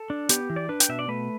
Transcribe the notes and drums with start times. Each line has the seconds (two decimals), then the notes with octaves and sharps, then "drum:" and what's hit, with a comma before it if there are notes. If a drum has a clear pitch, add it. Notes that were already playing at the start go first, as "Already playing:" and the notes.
Already playing: A4
0.10 D4
0.29 B3 G4, drum: hi-hat
0.50 E3
0.56 D5
0.69 D4 B4
0.80 G5, drum: hi-hat
0.89 B2 E5
0.99 D5
1.08 A3 B4